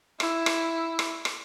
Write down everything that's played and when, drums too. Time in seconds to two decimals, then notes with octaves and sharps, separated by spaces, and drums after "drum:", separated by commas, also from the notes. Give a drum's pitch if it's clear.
0.20 E4, drum: rim click
0.46 drum: rim click
0.99 drum: rim click
1.25 drum: rim click